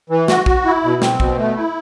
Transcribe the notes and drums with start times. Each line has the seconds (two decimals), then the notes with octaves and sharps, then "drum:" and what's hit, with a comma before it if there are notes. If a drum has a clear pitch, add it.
0.10 E3
0.28 F#4, drum: snare
0.46 F#4, drum: kick
0.65 E4
0.84 B2
1.02 C4, drum: snare
1.20 B2, drum: kick
1.38 A3
1.57 E4